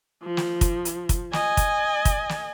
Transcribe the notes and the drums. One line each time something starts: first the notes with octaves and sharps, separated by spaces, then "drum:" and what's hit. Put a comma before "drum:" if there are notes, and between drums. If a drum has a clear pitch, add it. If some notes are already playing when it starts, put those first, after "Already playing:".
F3
drum: snare
drum: kick, hi-hat
drum: hi-hat
drum: kick, hi-hat
D#5 G#5, drum: snare
drum: kick, hi-hat
drum: kick, hi-hat
drum: snare